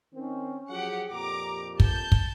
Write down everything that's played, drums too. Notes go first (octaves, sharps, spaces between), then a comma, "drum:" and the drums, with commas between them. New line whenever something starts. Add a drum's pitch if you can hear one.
D#3 C4 C#4
F3 F#3 G4 G#4 F#5
F2 A#2 G4 A#5 D6
A5 G6, drum: kick
drum: kick